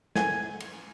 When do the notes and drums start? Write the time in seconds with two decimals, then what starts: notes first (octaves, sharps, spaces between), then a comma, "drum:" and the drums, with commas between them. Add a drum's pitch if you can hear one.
0.15 G#5, drum: snare
0.60 drum: cymbal